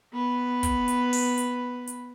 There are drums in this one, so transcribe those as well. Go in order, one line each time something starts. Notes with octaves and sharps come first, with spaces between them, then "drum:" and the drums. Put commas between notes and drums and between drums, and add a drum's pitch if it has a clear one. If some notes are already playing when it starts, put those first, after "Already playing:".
B3 B4
drum: kick, hi-hat
drum: hi-hat
drum: open hi-hat
drum: hi-hat
drum: hi-hat